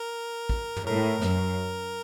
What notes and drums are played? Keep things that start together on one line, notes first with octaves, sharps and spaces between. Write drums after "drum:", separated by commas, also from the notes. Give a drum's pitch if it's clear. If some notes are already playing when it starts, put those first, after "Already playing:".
Already playing: A#4
drum: kick
drum: tom
A2 A#4
F#2, drum: snare